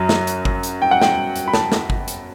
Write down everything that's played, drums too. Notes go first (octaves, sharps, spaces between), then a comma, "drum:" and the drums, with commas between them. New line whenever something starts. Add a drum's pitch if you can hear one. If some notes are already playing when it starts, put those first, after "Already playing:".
Already playing: F#2 F#3
drum: snare
drum: hi-hat
drum: kick G1
drum: hi-hat
G5
F#5
G5, drum: snare
drum: hi-hat
B5
A5, drum: snare
drum: snare
drum: kick G1
drum: hi-hat